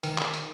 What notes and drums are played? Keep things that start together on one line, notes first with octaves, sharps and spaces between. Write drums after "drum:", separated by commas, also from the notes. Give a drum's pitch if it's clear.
D#3, drum: hi-hat
drum: clap
drum: hi-hat